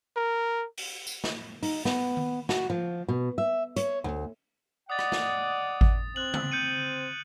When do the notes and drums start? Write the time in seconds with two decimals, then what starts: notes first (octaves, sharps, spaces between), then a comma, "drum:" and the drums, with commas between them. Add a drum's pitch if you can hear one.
0.17 A#4
0.78 drum: open hi-hat
1.07 drum: tambourine
1.24 drum: snare
1.63 D#4, drum: open hi-hat
1.85 B3, drum: snare
2.17 drum: tom D#3
2.49 F#4, drum: snare
2.70 F3
3.08 B2
3.38 E5
3.76 C#5, drum: hi-hat
4.04 D2
4.90 D5 D#5 F#5 D#6 A6
4.99 drum: rim click
5.12 drum: snare
5.81 drum: kick G#1
6.16 C4 F#6 F#7
6.34 drum: tom C#3
6.51 G6 C#7 D#7